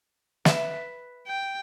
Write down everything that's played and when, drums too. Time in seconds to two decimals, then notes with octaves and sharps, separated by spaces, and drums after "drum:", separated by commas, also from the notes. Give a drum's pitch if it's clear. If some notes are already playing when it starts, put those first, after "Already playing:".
0.45 B4 E5, drum: snare
1.27 G5